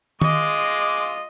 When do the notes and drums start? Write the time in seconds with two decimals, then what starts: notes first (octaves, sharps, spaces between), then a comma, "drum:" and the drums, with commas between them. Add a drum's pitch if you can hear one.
0.22 G#3 F4 D#5 D6, drum: tom D#3